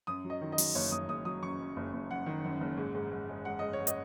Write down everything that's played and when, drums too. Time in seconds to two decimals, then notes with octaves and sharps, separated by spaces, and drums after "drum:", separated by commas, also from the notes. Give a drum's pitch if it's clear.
0.07 F#2 D#6
0.24 F#3
0.30 D#5
0.41 D#3
0.52 D#5
0.58 F#3, drum: open hi-hat
0.75 F#1 C#5
0.91 F#1 D#6
1.08 F#1 D#6
1.25 F#3 D#6
1.42 F#2 C#6
1.59 F#2
1.76 F#1
1.93 F#1
2.10 F#2 F#5
2.26 D#3
2.44 F#2
2.60 F#1
2.77 G#2
2.95 G#2
3.12 G#2
3.29 G#3
3.45 G#3 F#5
3.59 G#2 D#5
3.73 C#5
3.79 G#2
3.87 D#5, drum: hi-hat